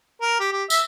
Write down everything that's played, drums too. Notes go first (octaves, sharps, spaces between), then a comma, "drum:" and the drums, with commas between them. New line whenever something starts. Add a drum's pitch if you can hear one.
A#4
G4
G4
E5, drum: tambourine